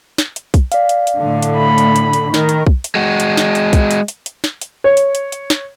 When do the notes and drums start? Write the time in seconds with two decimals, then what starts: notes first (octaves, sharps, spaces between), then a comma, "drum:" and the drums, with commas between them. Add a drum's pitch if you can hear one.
0.18 drum: snare
0.36 drum: hi-hat
0.54 drum: kick B1, hi-hat
0.72 D5 F5, drum: hi-hat
0.89 drum: hi-hat
1.07 drum: hi-hat
1.18 A2 D3
1.42 drum: hi-hat
1.55 B5
1.78 drum: hi-hat
1.96 drum: hi-hat
2.13 drum: hi-hat
2.34 D#3 A#4, drum: snare
2.49 drum: hi-hat
2.67 drum: kick B1
2.84 drum: hi-hat
2.95 G#3 F#4
3.20 drum: hi-hat
3.37 drum: snare
3.55 drum: hi-hat
3.73 drum: kick B1, hi-hat
3.91 drum: hi-hat
4.08 drum: hi-hat
4.26 drum: hi-hat
4.44 drum: snare
4.61 drum: hi-hat
4.84 C#5
4.97 drum: hi-hat
5.15 drum: hi-hat
5.32 drum: hi-hat
5.50 drum: snare